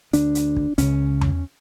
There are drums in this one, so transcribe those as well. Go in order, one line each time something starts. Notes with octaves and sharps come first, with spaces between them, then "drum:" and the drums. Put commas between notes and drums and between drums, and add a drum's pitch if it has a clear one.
D2 D3 D4, drum: hi-hat
drum: hi-hat
drum: kick
C#2 C#3 C#4, drum: hi-hat
drum: tom E2